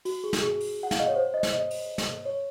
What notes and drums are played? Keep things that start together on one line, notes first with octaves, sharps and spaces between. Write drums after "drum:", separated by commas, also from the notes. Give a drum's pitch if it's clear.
F#4, drum: open hi-hat
G#4
drum: snare
G#4
drum: open hi-hat
F#5
F5, drum: snare
D#5
C#5
C5
D#5
drum: snare
D#5
drum: open hi-hat
drum: snare
C#5